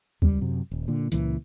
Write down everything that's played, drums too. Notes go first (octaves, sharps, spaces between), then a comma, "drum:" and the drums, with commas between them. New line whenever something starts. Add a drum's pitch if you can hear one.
C#2 G3, drum: kick D#2
F#2 C3
D#1
A#2 D3
C#2 A#2 E3, drum: hi-hat